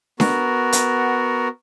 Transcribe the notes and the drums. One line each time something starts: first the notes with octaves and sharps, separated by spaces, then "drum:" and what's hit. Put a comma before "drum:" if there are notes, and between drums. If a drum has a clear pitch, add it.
B3 F#4 A#4, drum: snare D4
drum: hi-hat